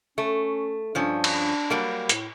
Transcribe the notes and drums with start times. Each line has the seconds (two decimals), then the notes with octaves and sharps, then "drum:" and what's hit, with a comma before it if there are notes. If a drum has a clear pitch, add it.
0.18 A3 C#4
0.95 G2 F3 C#4 D4
1.24 drum: cymbal
1.70 F#3 G3 A#3
2.09 A2, drum: hi-hat